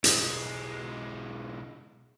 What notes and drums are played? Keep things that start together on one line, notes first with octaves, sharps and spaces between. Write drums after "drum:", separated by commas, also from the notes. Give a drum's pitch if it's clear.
B1 G#3, drum: hi-hat